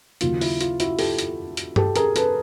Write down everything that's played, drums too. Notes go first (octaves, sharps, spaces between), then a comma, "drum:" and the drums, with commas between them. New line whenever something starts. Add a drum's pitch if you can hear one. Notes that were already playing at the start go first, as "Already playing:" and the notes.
D#2 C#3 F#3 F4, drum: hi-hat
E4, drum: open hi-hat
F4, drum: hi-hat
E4 F#4, drum: hi-hat
G4 A4, drum: open hi-hat
drum: hi-hat
drum: hi-hat
G4 A4, drum: tom G2
G#4 A#4, drum: hi-hat
A4 B4, drum: hi-hat